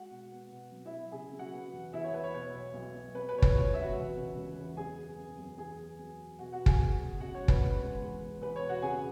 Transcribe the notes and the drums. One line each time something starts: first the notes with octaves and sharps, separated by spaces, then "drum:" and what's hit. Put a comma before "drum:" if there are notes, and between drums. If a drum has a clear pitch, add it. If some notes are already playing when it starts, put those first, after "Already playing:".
Already playing: G#3 F#4 F#5
B2
B3
B2
F#3
E4 E5
F#3
C#3 G#4 G#5
F#3
F#4 F#5
B3
E2
E2 E4 E5
C#5
B3 B4
C#5
B2 C#5
B1
B1
B1
F#3 B4
B4
B2 C#5
B4, drum: kick
C#2 C#5
B2 E5
F#4 F#5
E1
C#3
E1
E2
F#2 G#4 G#5
B3
F#2
F#2
E2 G#4 G#5
B3
F#3
B3
B2 F#4 F#5
F#4 F#5
B2
G#4 G#5, drum: kick
B2
F#1
C#3 F#4 F#5
C#5
G#3
B4, drum: kick
B3 B4
G#3
E2
B3
E2 B4
C#5
B2
F#4 F#5
C#3 G#4 G#5